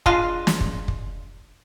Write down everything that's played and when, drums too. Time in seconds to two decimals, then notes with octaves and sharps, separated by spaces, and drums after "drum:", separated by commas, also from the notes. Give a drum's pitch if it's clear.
0.06 G#3 D4 F4 F5, drum: kick
0.47 drum: snare
0.61 drum: kick
0.88 drum: kick